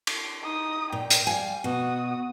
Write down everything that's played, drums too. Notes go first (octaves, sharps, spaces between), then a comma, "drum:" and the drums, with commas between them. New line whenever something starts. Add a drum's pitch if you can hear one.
drum: cymbal
D#4 D#6
A#2 G5
drum: hi-hat
G3 F5 G#5
B2 F#4 D#6